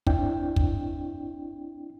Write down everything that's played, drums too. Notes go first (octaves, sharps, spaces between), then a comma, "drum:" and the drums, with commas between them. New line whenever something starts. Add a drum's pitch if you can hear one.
C4 D4 E4 G5, drum: kick
drum: kick